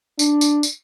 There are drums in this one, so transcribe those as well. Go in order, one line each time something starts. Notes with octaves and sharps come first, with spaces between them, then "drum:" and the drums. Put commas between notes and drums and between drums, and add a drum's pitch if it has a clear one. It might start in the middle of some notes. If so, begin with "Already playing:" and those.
D4, drum: tambourine
drum: tambourine
drum: tambourine